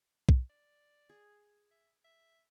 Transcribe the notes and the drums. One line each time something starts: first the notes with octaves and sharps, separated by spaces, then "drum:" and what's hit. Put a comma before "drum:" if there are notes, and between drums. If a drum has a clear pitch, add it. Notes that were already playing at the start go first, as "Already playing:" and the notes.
drum: kick
D5
G#4
E5
E5